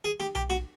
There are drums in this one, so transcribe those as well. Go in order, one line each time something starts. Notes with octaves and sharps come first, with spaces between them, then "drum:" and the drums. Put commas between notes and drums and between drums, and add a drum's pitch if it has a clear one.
G#4
G4, drum: snare
G4, drum: tom B1
F#4, drum: snare